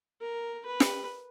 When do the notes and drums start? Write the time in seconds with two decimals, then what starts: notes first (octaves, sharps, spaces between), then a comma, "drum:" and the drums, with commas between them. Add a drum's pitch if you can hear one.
0.21 A#4
0.66 B4
0.80 drum: snare